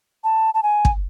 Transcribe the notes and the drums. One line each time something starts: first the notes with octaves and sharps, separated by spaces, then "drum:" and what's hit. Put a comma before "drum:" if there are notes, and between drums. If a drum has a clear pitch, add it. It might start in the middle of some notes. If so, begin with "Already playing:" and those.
A5
A5
G#5
drum: kick